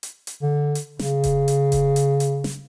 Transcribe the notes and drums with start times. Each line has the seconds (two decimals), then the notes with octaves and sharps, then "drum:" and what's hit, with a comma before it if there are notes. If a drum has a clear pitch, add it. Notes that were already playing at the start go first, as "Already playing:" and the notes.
0.03 drum: hi-hat
0.27 drum: hi-hat
0.42 D3
0.75 drum: hi-hat
0.99 C#3, drum: snare
1.24 drum: kick E1, hi-hat
1.48 drum: hi-hat
1.72 drum: kick E1, hi-hat
1.96 drum: hi-hat
2.20 drum: hi-hat
2.44 drum: snare